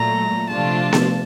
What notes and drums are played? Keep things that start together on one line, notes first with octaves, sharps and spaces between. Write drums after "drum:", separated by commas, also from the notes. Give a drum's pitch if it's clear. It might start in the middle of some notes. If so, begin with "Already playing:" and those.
Already playing: A#2 F#3 A3 A#5
C3 F3 A3 D4 F4 A5
drum: snare B3